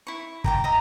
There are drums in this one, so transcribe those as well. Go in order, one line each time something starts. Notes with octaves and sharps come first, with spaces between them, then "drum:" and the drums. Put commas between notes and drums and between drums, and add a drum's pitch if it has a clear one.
E4 C#6
A#4 G5 D6, drum: kick
D#5 E5 A#5 B5